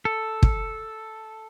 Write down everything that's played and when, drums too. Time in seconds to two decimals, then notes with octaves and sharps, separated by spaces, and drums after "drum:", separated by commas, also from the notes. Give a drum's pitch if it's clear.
0.05 A4
0.43 drum: kick